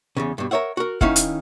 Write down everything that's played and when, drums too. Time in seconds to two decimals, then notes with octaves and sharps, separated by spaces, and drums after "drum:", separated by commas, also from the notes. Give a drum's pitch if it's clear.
0.17 E2 A#2 C#3
0.38 G2 B2
0.51 A#4 C5 C#5 E5 F#5
0.77 F#4 A#4
1.01 D#3 C#4 D#4 E4 F5 F#5, drum: kick
1.16 drum: hi-hat